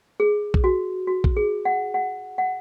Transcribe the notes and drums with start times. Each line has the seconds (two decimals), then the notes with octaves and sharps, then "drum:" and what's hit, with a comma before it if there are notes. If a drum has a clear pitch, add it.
0.20 G#4
0.54 drum: kick A#1
0.64 F#4
1.07 F#4
1.24 drum: kick A#1
1.37 G#4
1.65 F#5
1.94 F#5
2.38 F#5